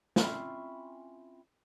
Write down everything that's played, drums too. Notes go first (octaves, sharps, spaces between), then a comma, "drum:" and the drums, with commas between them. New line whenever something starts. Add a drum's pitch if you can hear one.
C4 C#4 E4 F4 E5, drum: snare